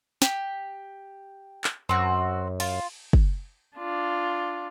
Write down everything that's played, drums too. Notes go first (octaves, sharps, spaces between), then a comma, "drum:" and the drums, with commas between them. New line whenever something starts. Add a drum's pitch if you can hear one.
G4, drum: snare
drum: clap
F#2 C4 F#4
F4, drum: cymbal
drum: kick
D4 F4